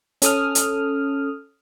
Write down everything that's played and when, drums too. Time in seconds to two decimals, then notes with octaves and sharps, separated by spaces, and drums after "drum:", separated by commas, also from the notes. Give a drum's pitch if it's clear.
0.22 C#4 A4 D#6 F6, drum: hi-hat
0.55 drum: hi-hat